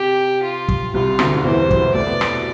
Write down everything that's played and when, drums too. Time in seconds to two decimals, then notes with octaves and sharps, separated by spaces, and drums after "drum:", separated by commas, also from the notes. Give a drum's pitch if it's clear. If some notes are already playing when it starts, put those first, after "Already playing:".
Already playing: C3 G4
0.43 F4
0.68 drum: kick
0.94 C2 C3 F4
1.19 D2 D3, drum: rim click
1.36 D3
1.44 E2 E3 C5
1.71 C4, drum: kick
1.81 B3
1.94 A3 D5
2.05 B2 B3
2.21 drum: rim click